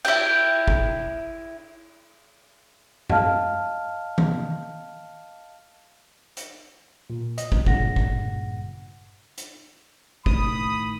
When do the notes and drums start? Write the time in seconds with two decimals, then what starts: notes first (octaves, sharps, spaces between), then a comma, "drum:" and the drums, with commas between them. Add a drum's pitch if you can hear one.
0.05 E4 G5, drum: cymbal
0.68 drum: kick
3.09 D#5 F5 A5 F6, drum: tom F#2
4.18 drum: tom D#3
6.37 drum: hi-hat
7.10 A#2
7.38 D#5, drum: hi-hat
7.52 drum: kick
7.66 G2 A#2 C#3 F#5 A#6, drum: kick
7.96 drum: kick
9.38 drum: hi-hat
10.26 A2 D#3 B5 D#6, drum: kick